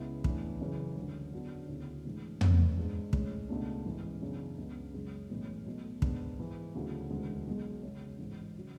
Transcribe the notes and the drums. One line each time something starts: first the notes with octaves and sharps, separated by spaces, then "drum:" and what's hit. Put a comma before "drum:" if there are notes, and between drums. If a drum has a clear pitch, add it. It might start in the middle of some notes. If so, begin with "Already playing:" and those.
Already playing: C#2 C#3 G#3 B3 E4
A2 E3 B3 D4, drum: kick
F#1 F#2 C#3 E3
D2 D3 G#3
E2 D3 F#3 B3 D4
D2 C#3 F#3 B3 E4
A2 E3 G#3 D4
A1 A2 E3 B3, drum: tom
G#2 G#3 D4
A2 G#3 C#4, drum: kick
C#2 B2 A3 D4
A1 G#2 E3
F#2 C#3 E3 B3 D4
C#2 C#3 G#3 B3 D4
F#2 C#3 G#3
B1 A2 E3 G#3 C#4
B1 B2 A3
G#2 G#3 B3 D4, drum: kick
G#2 E3 G#3
D2 C#3 F#3 A3 E4
E1 D2 C#3 G#3
B1 B2 G#3
E2 C#3 G#3 C#4
A1 G#2 E3
C#3 F#3